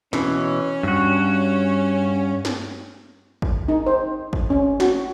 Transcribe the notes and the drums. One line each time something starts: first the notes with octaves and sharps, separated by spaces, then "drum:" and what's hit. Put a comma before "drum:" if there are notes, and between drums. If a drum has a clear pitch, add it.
B2 E3 C#4, drum: snare
G2 F#4
drum: snare
drum: kick
D#4
C5
drum: kick
C#4
F#4, drum: snare